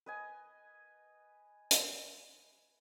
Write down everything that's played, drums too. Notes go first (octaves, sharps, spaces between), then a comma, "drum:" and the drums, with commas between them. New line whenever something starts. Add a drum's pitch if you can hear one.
B4 D#5 G#5
drum: hi-hat